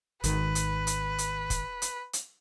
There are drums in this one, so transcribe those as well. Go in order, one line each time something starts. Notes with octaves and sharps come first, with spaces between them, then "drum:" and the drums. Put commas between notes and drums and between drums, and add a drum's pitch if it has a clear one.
G#1 D#3 B4, drum: hi-hat
drum: hi-hat
drum: hi-hat
drum: hi-hat
drum: kick F1, hi-hat
drum: hi-hat
drum: hi-hat